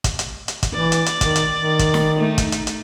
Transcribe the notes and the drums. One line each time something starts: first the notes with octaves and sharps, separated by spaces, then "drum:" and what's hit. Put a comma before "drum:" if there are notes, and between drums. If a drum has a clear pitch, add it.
drum: kick, hi-hat
drum: hi-hat
drum: hi-hat
drum: kick, hi-hat
E3 D5
drum: hi-hat
drum: hi-hat
D#3, drum: kick, hi-hat
drum: hi-hat
D#3
drum: kick, hi-hat
drum: snare
A3 D#4
drum: kick, hi-hat
drum: hi-hat
drum: hi-hat